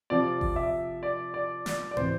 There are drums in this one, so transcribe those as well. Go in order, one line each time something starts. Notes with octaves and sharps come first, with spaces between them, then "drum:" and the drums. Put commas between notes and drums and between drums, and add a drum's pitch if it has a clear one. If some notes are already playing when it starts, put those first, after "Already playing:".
C3 F3 D5
drum: kick G1
E5
D5
D5
D5, drum: snare
D5
C3 E3 C5, drum: tom